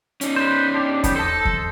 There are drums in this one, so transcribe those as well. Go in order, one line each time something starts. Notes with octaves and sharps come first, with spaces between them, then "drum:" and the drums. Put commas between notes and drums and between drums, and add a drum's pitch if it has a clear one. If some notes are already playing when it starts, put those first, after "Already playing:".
C#4 D#4, drum: hi-hat
B4 C5
D4 G4
B3 G4, drum: kick E2, hi-hat
A4 C5 D#5 A5
drum: kick E2